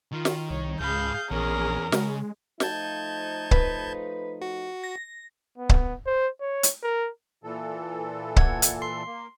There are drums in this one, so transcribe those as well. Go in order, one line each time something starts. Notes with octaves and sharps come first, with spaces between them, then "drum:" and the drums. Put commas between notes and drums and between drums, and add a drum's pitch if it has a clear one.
D#3 F4
drum: snare
C2 C#5
C#2 G#2 G#4 F5 B5 G6
A#1 E2 C#4 G#4 A#4
C#3 G#3, drum: snare
F3 A3 D#4 A5 G6 G#6, drum: snare
B4, drum: kick C#1
F#4
A#6
B3
drum: kick C#1
C5
C#5
drum: hi-hat
A#4
A#2 E3 A4
F#5 G#6, drum: kick C#1
drum: hi-hat
C6 C7
A#3